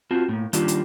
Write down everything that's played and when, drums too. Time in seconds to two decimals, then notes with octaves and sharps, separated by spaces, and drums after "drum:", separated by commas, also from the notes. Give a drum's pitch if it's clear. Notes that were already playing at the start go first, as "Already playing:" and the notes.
0.11 C4 F4 F#4 A5
0.29 A2 A#3
0.53 D#3 G3 A#3 D4 F4, drum: hi-hat
0.68 drum: hi-hat